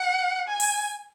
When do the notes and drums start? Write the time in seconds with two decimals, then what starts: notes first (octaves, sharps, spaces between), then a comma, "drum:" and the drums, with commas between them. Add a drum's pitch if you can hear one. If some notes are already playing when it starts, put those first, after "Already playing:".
Already playing: F#5
0.48 G#5
0.60 drum: open hi-hat